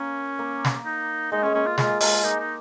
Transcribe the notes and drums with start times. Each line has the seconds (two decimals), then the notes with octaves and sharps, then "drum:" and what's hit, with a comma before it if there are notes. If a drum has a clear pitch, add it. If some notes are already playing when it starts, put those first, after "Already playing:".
Already playing: A#3 C#4
0.39 A#3
0.65 drum: snare
0.86 D#4
1.32 G#3 D#4
1.43 G#3 C#4
1.55 A#3 C#4
1.66 F4
1.78 G#3 F4, drum: snare
2.00 G#3 F4, drum: open hi-hat
2.24 A#3 D#4
2.40 D#4